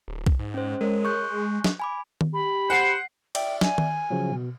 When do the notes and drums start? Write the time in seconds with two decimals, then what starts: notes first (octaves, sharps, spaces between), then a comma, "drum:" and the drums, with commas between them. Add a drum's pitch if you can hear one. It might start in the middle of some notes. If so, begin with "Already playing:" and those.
0.08 D1
0.26 drum: kick B1
0.39 G#2
0.54 C#4 C5
0.81 G#3 A#4 C#5
1.05 C#6 F#6 G6
1.64 drum: snare
1.80 G#5 B5 D6
2.21 drum: tom D#3
2.34 G4 B5
2.70 C5 F#5 C7
3.35 D5 E5 G5, drum: cymbal
3.61 G#5, drum: snare
3.78 drum: tom D#3
4.10 C#3 F3 F#3
4.32 B2